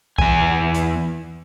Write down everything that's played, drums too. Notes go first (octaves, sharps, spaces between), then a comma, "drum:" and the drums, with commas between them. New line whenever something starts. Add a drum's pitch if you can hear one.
E2 G#5, drum: kick B1
drum: hi-hat